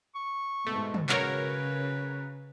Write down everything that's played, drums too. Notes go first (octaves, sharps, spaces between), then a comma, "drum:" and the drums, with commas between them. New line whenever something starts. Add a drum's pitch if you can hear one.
C#6
G#2 B2 A3
drum: tom
C#3 F#3 A#4 B4 C#5, drum: clap